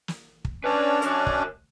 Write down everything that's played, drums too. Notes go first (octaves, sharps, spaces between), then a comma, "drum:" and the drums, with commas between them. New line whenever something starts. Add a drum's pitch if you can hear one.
drum: snare
drum: kick
C#4 D4 B4 D5
A#4 C#5, drum: hi-hat
drum: kick